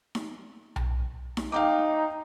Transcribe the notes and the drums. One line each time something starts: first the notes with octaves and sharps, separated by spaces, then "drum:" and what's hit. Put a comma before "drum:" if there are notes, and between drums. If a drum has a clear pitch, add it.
drum: snare D#4
drum: tom B1
drum: snare D#4
D#4 F5 G5 D6